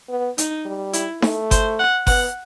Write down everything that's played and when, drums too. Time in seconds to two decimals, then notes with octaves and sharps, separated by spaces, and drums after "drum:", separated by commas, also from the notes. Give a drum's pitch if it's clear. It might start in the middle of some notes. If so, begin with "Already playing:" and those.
0.10 B3
0.38 D#4, drum: hi-hat
0.65 G3
0.93 E4, drum: hi-hat
1.22 A3, drum: snare D#4
1.51 C5, drum: kick G1, hi-hat
1.79 F#5
2.07 B3 F#5, drum: kick G1, open hi-hat